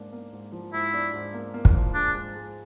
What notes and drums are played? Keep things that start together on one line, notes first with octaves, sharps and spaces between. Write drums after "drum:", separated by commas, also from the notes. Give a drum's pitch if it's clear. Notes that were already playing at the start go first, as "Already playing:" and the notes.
Already playing: G#2 A#3 D4
A#3
G#2
F3
G#2 E4
D4
G#2
A#3
A#3
drum: kick
F3
G#3 D4
G#2
G#3